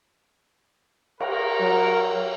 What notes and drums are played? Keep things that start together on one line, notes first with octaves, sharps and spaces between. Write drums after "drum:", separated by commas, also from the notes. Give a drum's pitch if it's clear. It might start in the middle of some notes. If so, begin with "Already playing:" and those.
A#4, drum: cymbal
F#3